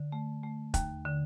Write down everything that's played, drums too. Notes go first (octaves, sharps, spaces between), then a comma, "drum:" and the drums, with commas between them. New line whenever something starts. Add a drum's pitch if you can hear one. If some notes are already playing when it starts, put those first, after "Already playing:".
Already playing: D3
A3
A3
D#2, drum: kick E1, hi-hat
D3